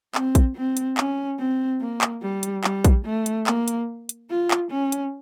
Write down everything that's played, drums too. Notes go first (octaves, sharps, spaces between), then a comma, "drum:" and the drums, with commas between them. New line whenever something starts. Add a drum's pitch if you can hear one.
C4, drum: clap
drum: kick A#1, hi-hat
C4
drum: hi-hat
C#4, drum: clap
C4
A#3
drum: clap
G3
drum: hi-hat
G3, drum: clap
drum: kick A#1, hi-hat
A3
drum: hi-hat
A#3, drum: clap
drum: hi-hat
drum: hi-hat
F4
drum: clap
C#4
drum: hi-hat